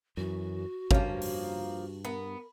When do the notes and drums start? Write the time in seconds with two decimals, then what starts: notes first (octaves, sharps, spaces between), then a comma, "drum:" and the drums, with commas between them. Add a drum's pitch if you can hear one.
0.17 F#2 E3 F#4
0.91 G2 F3 A#3 C#4, drum: kick G#1
1.21 drum: open hi-hat
2.05 B3 A#4